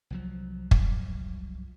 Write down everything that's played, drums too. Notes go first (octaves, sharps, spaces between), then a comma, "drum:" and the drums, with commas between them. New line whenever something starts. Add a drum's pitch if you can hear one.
C2 F3 F#3
drum: kick